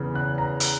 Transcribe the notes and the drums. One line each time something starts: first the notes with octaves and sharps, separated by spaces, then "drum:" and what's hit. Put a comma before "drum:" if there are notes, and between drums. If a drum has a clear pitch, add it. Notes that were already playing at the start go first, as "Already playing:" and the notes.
Already playing: E2 C#3 E3 B3
F#6
A#5
drum: hi-hat